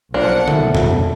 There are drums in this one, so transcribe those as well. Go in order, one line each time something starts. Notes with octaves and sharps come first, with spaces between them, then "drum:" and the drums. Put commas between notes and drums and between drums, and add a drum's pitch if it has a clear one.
B1 F3 A#3 D4 F#5
B2 A3, drum: tom C#3
drum: tom E2